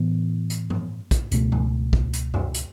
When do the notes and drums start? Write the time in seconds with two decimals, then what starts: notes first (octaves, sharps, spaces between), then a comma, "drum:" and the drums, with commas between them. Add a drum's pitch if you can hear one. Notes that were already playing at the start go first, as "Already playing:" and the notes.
Already playing: A2 E3 B3
0.50 drum: hi-hat
0.70 drum: tom G2
1.11 drum: kick, hi-hat
1.31 C#2 B2 A3, drum: hi-hat
1.52 drum: tom G2
1.93 drum: kick
2.13 drum: hi-hat
2.34 drum: tom F#2
2.54 drum: hi-hat